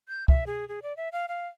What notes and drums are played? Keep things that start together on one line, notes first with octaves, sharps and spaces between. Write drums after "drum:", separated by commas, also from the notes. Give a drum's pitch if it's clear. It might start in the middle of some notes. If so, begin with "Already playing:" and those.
G6
E5, drum: kick
G#4
G#4
D5
E5
F5
F5